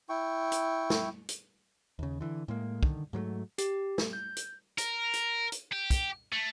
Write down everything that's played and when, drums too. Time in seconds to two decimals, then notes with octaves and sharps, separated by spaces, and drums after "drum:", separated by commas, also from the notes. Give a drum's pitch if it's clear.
0.09 E4 G5 C#6
0.52 drum: hi-hat
0.90 drum: snare
1.29 drum: hi-hat
1.99 D#2 C#3
2.21 D3 E3
2.48 A2 G#3 A#3
2.83 D3 D#3, drum: kick
3.13 G#2 F#3 G#3 A3
3.58 G4, drum: hi-hat
3.98 drum: snare
4.13 G6
4.37 drum: hi-hat
4.78 A#4, drum: hi-hat
5.14 drum: hi-hat
5.52 drum: hi-hat
5.72 G4
5.90 drum: kick, hi-hat
6.32 A3